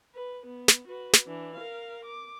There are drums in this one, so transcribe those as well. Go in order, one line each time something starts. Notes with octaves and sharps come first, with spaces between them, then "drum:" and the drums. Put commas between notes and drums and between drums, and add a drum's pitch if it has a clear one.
B4
B3
drum: snare
F#4 B4
drum: snare
E3 D4
A#4 F5
D6